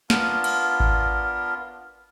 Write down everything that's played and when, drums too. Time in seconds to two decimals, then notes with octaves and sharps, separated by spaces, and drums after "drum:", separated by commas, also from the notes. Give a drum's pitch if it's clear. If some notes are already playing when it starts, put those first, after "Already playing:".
0.10 B3 D4 F4 A#4, drum: snare
0.44 drum: cymbal
0.80 drum: kick G#1